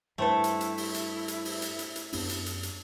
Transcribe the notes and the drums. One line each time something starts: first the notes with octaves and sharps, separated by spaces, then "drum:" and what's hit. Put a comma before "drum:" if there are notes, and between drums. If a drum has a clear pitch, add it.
G2 A3 E4 A4 B4 C5 G5
drum: hi-hat
drum: hi-hat
drum: open hi-hat
drum: hi-hat
drum: hi-hat
drum: open hi-hat
drum: hi-hat
drum: hi-hat
drum: hi-hat
F#2 B3 D4, drum: open hi-hat
drum: hi-hat
drum: hi-hat
drum: hi-hat